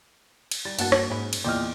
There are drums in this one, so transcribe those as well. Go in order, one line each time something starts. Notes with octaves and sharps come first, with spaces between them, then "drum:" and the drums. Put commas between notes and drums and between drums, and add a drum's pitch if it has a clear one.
drum: cymbal
G3 A6
G2 A#3 F#4 A4 A#4 F#5 A5, drum: cymbal
drum: rim click
G#2 C#4 D#4 B5
drum: cymbal
E2 A#2 C5 D5 D#5 G5 D6 F6